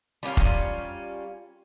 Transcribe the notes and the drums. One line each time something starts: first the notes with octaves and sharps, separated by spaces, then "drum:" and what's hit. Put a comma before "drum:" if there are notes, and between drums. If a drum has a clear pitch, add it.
G3 A#3 C#4 F4
drum: kick F1